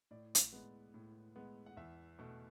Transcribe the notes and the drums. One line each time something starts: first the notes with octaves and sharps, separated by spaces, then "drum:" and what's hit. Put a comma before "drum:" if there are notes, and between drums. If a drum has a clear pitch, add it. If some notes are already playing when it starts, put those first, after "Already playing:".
A2 D5
drum: hi-hat
G#3 B3
A2
G#3 B3
F#5
E2 E5
B2 A3